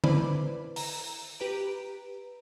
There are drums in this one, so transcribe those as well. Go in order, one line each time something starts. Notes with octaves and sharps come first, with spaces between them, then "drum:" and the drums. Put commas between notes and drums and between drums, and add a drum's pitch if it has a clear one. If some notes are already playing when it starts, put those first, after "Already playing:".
E4 B4 C5 D5 B5 D6, drum: tom D3
A#5, drum: open hi-hat
G4 B4 A#5 D7